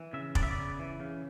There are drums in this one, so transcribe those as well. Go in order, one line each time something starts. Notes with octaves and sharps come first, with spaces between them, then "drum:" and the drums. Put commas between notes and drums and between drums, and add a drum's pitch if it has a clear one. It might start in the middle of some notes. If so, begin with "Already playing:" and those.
Already playing: E3
C#3 E5
B3 D5, drum: kick F1
E5
D5
C#3
E3
C#3